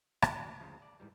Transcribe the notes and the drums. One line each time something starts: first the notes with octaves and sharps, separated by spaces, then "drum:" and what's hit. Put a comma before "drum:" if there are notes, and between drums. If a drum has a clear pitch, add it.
C#4 D4 F#4 A#4 B4, drum: rim click
C#4 D4 F#4
D2 C#3 F3
D5
G#2 E3 G3